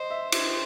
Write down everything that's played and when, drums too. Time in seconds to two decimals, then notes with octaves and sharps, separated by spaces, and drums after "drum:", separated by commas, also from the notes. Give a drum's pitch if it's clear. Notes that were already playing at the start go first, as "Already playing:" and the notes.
Already playing: C5 D#5
0.10 E5
0.32 C5 E5, drum: cymbal